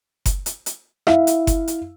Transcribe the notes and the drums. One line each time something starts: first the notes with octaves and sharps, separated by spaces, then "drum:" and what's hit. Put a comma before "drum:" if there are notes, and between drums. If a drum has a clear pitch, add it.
drum: kick F#1, hi-hat
drum: hi-hat
drum: hi-hat
E4 E5 F5, drum: rim click
drum: hi-hat
drum: kick F#1, hi-hat
drum: hi-hat